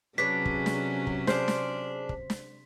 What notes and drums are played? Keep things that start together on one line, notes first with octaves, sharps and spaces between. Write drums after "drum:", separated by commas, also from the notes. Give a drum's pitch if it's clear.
C3 F#3 C#4 D4 G#4 B4 C#5 B6
drum: kick
drum: snare
drum: kick
D4 G#4 C5 F6, drum: snare
drum: snare
drum: kick
drum: snare